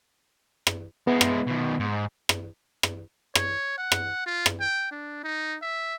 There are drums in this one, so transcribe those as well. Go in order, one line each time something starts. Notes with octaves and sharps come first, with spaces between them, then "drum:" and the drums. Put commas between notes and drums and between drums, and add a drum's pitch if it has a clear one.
drum: rim click
G#3 B3 E4
drum: rim click
B2 D#3
G#2
drum: rim click
drum: rim click
C#5, drum: rim click
F#5
drum: rim click
F4
drum: rim click
G5
D4
D#4
E5